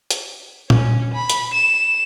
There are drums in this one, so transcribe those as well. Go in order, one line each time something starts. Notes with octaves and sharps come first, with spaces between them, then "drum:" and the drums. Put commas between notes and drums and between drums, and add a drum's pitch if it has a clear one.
drum: hi-hat
C#4, drum: tom A#2
B5
drum: hi-hat
E7